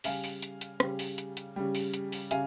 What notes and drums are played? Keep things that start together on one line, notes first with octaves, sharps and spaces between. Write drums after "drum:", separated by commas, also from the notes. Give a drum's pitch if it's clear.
C#3 G3 F5 G#5, drum: open hi-hat
drum: open hi-hat
drum: hi-hat
drum: hi-hat
C#3 G3, drum: rim click
drum: open hi-hat
drum: hi-hat
drum: hi-hat
C#3 G3
drum: open hi-hat
drum: hi-hat
drum: open hi-hat
C#3 F5 G#5, drum: hi-hat